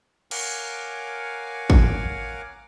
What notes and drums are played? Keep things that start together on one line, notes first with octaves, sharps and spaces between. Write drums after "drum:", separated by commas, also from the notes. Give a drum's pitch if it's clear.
A#4 C#5 F5 F#5 G#5 D6, drum: cymbal
drum: kick